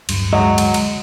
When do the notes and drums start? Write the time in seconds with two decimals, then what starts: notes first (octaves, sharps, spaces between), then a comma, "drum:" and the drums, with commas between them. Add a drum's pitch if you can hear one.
0.09 D1 G2, drum: cymbal
0.33 D2 F#3 G#3 D#5
0.58 drum: cymbal
0.74 drum: cymbal